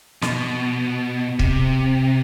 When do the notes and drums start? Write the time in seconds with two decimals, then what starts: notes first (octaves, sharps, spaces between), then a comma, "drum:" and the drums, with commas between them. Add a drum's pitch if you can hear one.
0.22 B2, drum: snare
1.39 C3, drum: kick C#1